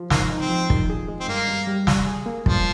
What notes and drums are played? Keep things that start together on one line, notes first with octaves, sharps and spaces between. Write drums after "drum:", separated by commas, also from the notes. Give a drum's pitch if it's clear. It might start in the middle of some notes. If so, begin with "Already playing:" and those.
Already playing: F3
G#2 A#3, drum: snare
D#4
C4
F3
D#3, drum: kick
G#4
G#3
C4
G2 A#3
G2
G3
G3, drum: snare
G#4
A#3
G2 F3, drum: kick